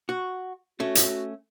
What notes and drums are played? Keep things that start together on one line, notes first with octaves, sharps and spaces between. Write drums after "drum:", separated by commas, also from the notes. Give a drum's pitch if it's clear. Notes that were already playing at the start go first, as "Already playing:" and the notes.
F#4
A3 C#4 F#4
drum: hi-hat